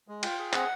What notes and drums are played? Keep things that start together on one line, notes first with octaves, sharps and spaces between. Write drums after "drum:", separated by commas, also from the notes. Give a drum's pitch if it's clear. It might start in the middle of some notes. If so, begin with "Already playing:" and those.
G#3
F4 G5, drum: cymbal
G#4
C4 F#5, drum: clap